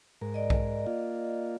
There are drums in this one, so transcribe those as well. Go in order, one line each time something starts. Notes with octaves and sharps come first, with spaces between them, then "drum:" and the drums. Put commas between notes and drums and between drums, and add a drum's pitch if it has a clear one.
G#2 A#4
D5 D#5
drum: kick B1
A#3 F4